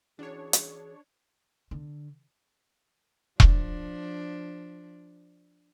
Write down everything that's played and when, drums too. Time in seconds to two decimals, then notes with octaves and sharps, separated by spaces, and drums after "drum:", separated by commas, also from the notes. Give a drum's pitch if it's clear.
0.19 E3 C#4 D4 F#4 G#4 C#5
0.53 drum: hi-hat
1.71 D3
3.40 F3 D4, drum: kick E1